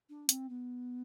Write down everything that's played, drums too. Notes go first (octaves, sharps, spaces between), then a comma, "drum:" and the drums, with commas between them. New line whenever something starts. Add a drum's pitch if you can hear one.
D4
C4, drum: hi-hat
B3